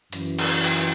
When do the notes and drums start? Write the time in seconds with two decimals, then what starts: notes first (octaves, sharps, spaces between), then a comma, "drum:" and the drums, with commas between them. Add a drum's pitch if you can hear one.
0.12 F#2 E3, drum: hi-hat
0.39 drum: cymbal
0.64 drum: cymbal